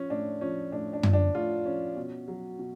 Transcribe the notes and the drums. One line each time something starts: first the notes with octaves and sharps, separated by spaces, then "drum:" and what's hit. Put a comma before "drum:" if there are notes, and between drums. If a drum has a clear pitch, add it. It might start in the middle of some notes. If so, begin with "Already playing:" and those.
Already playing: F3 C#4
A2 D4
F3 C#4
A2 D4
D4
F3, drum: tom F#2
D4
A2 F4
F3 C#4
B2
F#3
B2